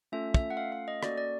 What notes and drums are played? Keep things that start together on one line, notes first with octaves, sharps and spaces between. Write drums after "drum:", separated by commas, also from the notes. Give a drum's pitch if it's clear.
A3 C#4 F4 A4 E5
E5, drum: kick
F#5
F5
F5
D#5
A#3 C#4 F#4 A4 D5, drum: rim click
D5